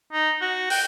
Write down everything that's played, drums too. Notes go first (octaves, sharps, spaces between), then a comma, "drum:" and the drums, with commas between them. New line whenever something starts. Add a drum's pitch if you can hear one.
D#4
F#4
G5, drum: open hi-hat